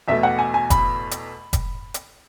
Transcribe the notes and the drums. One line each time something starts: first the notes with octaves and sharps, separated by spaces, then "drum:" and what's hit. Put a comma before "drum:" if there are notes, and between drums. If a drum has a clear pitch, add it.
E2 B2 A3 E5
F#5
G#5
G#5
B5, drum: kick F1, hi-hat
drum: hi-hat
drum: kick F1, hi-hat
drum: hi-hat